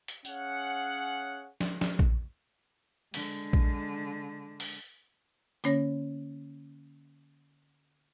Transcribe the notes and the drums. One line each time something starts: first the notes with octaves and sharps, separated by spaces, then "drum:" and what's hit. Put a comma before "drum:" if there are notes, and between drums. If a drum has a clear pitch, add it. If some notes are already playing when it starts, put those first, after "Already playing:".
drum: hi-hat
C#4 G#4 C#5 F5 F#5, drum: tambourine
drum: snare
drum: snare
drum: kick A#1
D3 G#3, drum: open hi-hat
drum: kick A#1
drum: open hi-hat
D3 A#3 C#4 C#5 A#6, drum: hi-hat